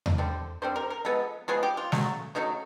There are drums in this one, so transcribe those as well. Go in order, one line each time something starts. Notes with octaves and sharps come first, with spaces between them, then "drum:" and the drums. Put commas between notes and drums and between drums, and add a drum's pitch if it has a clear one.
drum: tom E2
D3 G3 C4
D3 G3 C4 C5
A#4
A#4
F3 G#3 B3 A4
F3 G#3 B3 G#4
G4
F4
C#3 F#3 A3, drum: snare
C#3 F#3 A3 D#4